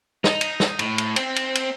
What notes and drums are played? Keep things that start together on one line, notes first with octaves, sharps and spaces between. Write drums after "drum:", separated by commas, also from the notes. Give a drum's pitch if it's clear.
D#4, drum: snare
drum: cymbal
drum: snare
A2, drum: cymbal
drum: cymbal
C4, drum: cymbal
drum: cymbal
drum: cymbal